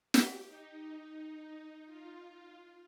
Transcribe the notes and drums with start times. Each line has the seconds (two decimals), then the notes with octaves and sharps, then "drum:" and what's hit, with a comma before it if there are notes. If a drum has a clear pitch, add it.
0.14 G4, drum: snare
0.46 D#4
1.86 F4